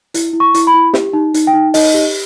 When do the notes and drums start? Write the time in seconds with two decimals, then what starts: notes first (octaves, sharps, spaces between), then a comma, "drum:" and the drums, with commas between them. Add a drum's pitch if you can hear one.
0.14 E4, drum: hi-hat
0.33 E4
0.40 C#6
0.54 E4, drum: hi-hat
0.67 B5
0.74 E4
0.94 G4, drum: snare
1.13 D#4
1.34 D#4, drum: hi-hat
1.47 G5
1.54 D#4
1.74 D#4 D#5, drum: open hi-hat
1.94 G4